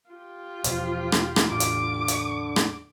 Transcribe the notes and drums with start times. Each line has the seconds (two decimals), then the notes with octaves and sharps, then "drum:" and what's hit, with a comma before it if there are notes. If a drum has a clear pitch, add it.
0.10 F4 G4
0.64 E2 B2 F3, drum: hi-hat
1.12 drum: rim click
1.36 drum: rim click
1.49 E2 A2 D3 D6
1.60 drum: hi-hat
2.08 drum: hi-hat
2.56 drum: rim click